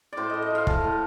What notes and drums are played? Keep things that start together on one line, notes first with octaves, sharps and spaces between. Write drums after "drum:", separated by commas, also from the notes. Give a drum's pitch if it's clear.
A2 C5 D5
A2 D#5
D#5
F3 F5
A3 A5, drum: kick
A2